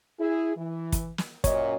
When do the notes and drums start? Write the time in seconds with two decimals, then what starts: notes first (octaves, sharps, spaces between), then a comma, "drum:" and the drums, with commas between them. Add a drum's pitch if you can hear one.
0.19 E4 G#4
0.56 E3
0.92 drum: kick, hi-hat
1.18 drum: snare
1.44 F#2 A#2 C#5 D#5, drum: kick, hi-hat